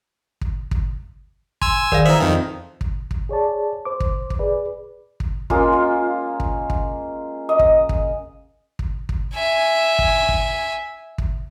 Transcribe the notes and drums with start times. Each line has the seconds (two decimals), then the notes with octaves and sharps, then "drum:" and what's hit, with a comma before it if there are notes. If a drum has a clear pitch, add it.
0.41 drum: kick
0.71 drum: kick
1.62 G#5 C6 E6, drum: kick
1.92 D#3 A#4 D5 F5, drum: kick
2.06 E3 C5 E5 A#5 D#6
2.20 F2 D#3
2.81 drum: kick
3.11 drum: kick
3.29 G#4 C#5 D5 A5
3.85 C5 D6
4.00 drum: kick
4.30 drum: kick
4.39 G#4 B4 D5
5.20 drum: kick
5.50 G#3 A#3 C#4 F4, drum: kick
5.73 F4
6.40 drum: kick
6.70 drum: kick
7.49 D#5
7.59 drum: kick
7.89 drum: kick
8.79 drum: kick
9.09 drum: kick
9.34 E5 G#5
9.99 drum: kick
10.29 drum: kick
11.18 drum: kick